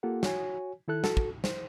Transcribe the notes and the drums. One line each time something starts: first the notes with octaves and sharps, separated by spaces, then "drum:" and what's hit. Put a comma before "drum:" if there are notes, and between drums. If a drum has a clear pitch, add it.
A#3 F4 G4 A4 F#5
F#4 C#5 G#5, drum: snare
D#3 E4 A4 F#6
F#4 A4, drum: snare
drum: kick
C5, drum: snare